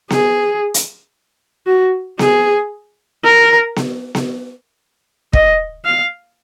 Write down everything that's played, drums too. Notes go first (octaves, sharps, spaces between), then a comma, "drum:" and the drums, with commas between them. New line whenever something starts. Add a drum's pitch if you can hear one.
G#4, drum: snare B3
drum: hi-hat
F#4
G#4, drum: snare B3
A#4
drum: snare B3
drum: snare B3
D#5, drum: kick
F5